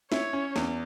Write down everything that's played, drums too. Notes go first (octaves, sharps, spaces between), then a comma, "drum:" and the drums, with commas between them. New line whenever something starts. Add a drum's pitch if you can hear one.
E4 C#5, drum: snare
C#4
E2, drum: snare